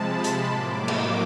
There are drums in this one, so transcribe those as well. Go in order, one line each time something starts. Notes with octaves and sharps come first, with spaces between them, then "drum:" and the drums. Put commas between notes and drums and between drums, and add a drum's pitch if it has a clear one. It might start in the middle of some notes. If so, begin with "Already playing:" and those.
Already playing: C3 F3 G#3 A5 B5
C6
drum: hi-hat
A2 F#3 A#3 D6
drum: cymbal